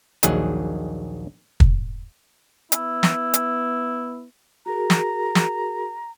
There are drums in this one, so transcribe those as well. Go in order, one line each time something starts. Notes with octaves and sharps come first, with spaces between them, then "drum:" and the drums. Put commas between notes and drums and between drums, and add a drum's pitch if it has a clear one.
A#1 D#2 D#3 F#3 G#4 F#5, drum: hi-hat
drum: kick
B3 E4, drum: hi-hat
drum: snare
drum: hi-hat
F#4 G#4 A#4 A#5
drum: snare
drum: snare